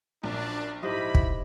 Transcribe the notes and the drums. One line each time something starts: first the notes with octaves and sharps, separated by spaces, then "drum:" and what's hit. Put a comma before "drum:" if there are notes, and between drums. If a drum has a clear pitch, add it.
A#1 F#2 A#3 D4
G#2 E4 G4 D#5 B5
drum: kick